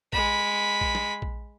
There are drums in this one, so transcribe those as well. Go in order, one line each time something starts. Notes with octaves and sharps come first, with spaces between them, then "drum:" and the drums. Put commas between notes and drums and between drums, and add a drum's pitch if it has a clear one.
G#3 B5, drum: kick A#1
drum: kick A#1
drum: snare
drum: kick A#1